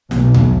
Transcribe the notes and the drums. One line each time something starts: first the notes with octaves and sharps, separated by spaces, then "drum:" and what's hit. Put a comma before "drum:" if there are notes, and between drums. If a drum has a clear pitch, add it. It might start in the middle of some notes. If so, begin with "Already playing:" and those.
B1, drum: snare
drum: tom D2